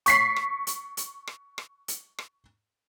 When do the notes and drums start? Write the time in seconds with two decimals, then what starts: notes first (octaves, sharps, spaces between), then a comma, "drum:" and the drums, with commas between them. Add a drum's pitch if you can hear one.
0.06 C#6 B6 C7, drum: hi-hat
0.36 drum: rim click
0.67 drum: hi-hat
0.97 drum: hi-hat
1.27 drum: rim click
1.58 drum: rim click
1.88 drum: hi-hat
2.18 drum: rim click